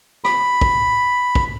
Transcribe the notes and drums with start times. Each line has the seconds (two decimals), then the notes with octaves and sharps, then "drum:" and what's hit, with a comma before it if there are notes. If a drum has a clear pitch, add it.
0.24 B5, drum: rim click
0.61 drum: kick
1.35 drum: kick